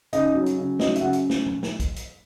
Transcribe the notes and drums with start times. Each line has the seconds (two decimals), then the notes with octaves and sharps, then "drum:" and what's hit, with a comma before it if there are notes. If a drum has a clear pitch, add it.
0.13 C#3 D#4 D#5, drum: hi-hat
0.35 F#3
0.46 drum: hi-hat
0.58 C#3
0.79 F#3 D#4 D#5, drum: snare
0.96 E5, drum: hi-hat
1.01 C#3 F#4 F#5
1.13 drum: hi-hat
1.30 drum: snare
1.46 drum: tom A#2
1.63 drum: snare
1.80 drum: kick, hi-hat
1.96 drum: hi-hat